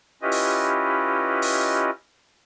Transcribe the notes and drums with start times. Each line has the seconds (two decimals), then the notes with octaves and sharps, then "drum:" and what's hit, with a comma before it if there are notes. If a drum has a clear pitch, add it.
0.22 C#4 E4 F4 G4 B4 D#5
0.32 drum: open hi-hat
1.42 drum: open hi-hat